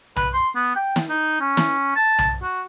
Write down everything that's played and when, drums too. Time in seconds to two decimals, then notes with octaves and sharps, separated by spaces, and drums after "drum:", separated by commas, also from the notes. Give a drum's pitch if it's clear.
0.16 B4, drum: tom B1
0.33 C6
0.55 B3
0.75 G5
0.96 drum: snare
1.09 D#4
1.40 C#4
1.57 drum: snare
1.96 A5
2.18 drum: tom B1
2.43 F#4